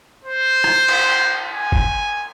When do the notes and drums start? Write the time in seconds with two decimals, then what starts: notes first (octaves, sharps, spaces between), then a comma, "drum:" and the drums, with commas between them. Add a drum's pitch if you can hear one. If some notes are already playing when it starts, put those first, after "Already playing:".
0.24 C5
0.64 drum: rim click
0.88 drum: cymbal
1.54 G#5
1.72 drum: kick F#1